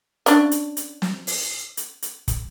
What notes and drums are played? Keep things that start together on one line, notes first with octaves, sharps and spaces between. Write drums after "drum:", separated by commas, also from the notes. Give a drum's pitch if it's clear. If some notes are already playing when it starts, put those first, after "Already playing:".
C#4 D4, drum: hi-hat
drum: hi-hat
drum: hi-hat
drum: snare
drum: open hi-hat
drum: hi-hat
drum: hi-hat
drum: kick, hi-hat